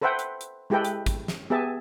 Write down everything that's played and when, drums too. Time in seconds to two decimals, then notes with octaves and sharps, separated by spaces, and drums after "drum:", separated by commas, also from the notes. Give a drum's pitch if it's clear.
0.02 A4 B4 C5 E5 F#5 G5
0.19 drum: hi-hat
0.41 drum: hi-hat
0.70 G#3 E4 G4 A4 B4 G5
0.85 drum: hi-hat
1.06 drum: kick, hi-hat
1.28 drum: snare
1.50 B3 G4 G#4 E5 A5